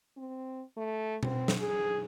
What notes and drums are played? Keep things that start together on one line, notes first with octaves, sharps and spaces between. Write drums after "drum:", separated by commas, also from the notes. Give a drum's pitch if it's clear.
C4
A3
C4, drum: tom B2
drum: snare
G#4